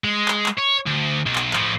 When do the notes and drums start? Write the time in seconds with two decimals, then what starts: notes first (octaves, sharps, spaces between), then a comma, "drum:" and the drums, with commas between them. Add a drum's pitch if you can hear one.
0.04 G#3
0.28 drum: clap
0.46 drum: clap
0.58 C#5
0.86 D2
1.26 B1
1.35 drum: clap
1.53 A2 F3, drum: clap